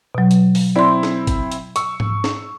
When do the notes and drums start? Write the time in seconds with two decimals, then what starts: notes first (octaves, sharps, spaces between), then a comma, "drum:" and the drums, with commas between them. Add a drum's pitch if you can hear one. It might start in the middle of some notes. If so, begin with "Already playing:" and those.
0.15 B2 F#3
0.31 drum: hi-hat
0.55 drum: open hi-hat
0.76 C4 E4 C5 D5 C6
1.03 drum: snare
1.27 drum: kick G#1, hi-hat
1.52 drum: hi-hat
1.76 C#6 E6, drum: hi-hat
2.00 drum: tom G#2
2.24 drum: snare